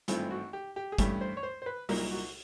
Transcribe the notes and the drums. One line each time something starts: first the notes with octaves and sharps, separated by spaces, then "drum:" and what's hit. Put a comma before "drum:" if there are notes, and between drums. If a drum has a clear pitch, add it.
G#1 G2 E3 A3 C4 F4, drum: hi-hat
F#4
G4
G4
G#4
G2 E3 A3 C#4 G4, drum: kick, hi-hat
C5
C#5
C5
C5
B4
C2 A#2 F#3 A#3 D#4 A#4, drum: open hi-hat
F#4